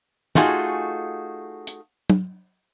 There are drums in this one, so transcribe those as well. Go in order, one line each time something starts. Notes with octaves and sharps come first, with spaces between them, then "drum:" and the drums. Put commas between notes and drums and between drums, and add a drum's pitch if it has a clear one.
A3 D#4 F4 F#4 G#4 G#5, drum: snare
drum: hi-hat
drum: tom